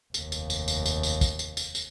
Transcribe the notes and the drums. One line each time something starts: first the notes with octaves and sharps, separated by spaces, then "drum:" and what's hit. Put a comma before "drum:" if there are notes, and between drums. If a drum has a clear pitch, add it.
F1 D#2, drum: tambourine
drum: tambourine
drum: tambourine
drum: tambourine
drum: tambourine
drum: tambourine
drum: kick, tambourine
drum: tambourine
drum: tambourine
drum: tambourine